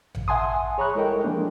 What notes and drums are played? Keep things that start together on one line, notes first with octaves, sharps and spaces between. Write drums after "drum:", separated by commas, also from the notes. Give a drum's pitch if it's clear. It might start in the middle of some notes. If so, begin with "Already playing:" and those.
drum: tom A1
E5 F#5 G#5 A5 C6 D#6
G#4 C#5 A#5 B5 C#6 F#6
G#3 E4 A4 A#4 D#5 G5
F3 G#3 A#3 D4